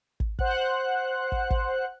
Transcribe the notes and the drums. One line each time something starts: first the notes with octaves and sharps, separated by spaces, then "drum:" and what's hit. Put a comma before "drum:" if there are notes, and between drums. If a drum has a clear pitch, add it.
drum: kick
C5 F#5 F#6, drum: kick
drum: kick
drum: kick